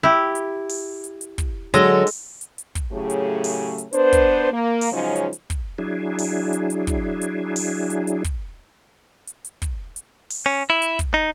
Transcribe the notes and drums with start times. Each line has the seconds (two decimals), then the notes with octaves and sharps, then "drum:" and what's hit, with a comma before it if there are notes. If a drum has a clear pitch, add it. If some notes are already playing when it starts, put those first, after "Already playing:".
0.03 E4 G4
0.35 drum: hi-hat
0.69 drum: open hi-hat
1.04 drum: hi-hat
1.21 drum: hi-hat
1.38 drum: kick, hi-hat
1.74 D3 F#3 G#3 A4 D#5, drum: hi-hat
2.07 drum: open hi-hat
2.41 drum: hi-hat
2.58 drum: hi-hat
2.75 drum: kick, hi-hat
2.92 A2 C#3 F#3 A3 G4 G#4
3.10 drum: hi-hat
3.44 drum: open hi-hat
3.78 drum: hi-hat
3.93 B3 D4 B4 C5, drum: hi-hat
4.13 drum: kick, hi-hat
4.52 A#3
4.81 drum: open hi-hat
4.92 C#3 F3 F#3 G#3 C#4 D#4
5.16 drum: hi-hat
5.33 drum: hi-hat
5.50 drum: kick, hi-hat
5.78 F#3 D4 E4 G#4
6.18 drum: open hi-hat
6.53 drum: hi-hat
6.70 drum: hi-hat
6.87 drum: kick, hi-hat
7.21 drum: hi-hat
7.56 drum: open hi-hat
7.90 drum: hi-hat
8.07 drum: hi-hat
8.24 drum: kick, hi-hat
9.27 drum: hi-hat
9.45 drum: hi-hat
9.62 drum: kick, hi-hat
9.96 drum: hi-hat
10.30 drum: open hi-hat
10.46 C#4
10.70 E4
10.82 drum: hi-hat
10.99 drum: kick, hi-hat
11.14 D#4